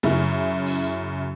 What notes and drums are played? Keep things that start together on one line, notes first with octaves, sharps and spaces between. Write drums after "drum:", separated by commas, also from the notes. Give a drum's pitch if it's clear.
F#2 C#3 E4
drum: open hi-hat